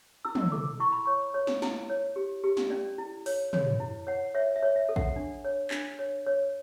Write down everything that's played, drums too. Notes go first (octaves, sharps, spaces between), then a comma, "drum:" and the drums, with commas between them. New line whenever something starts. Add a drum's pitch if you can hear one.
E4 E6
drum: tom
A4 D6
E4 C#6
B5
C#5 C#6
C#5
drum: snare
E4, drum: snare
C#5
G4
G4
drum: snare
C#4 D5
E4
C#5, drum: open hi-hat
C#5, drum: tom
E4
C#5 F#5
C#5 E5
E5
C#5
E5
A4
F#5, drum: kick
D4
C#5
D4, drum: clap
C#5
C#5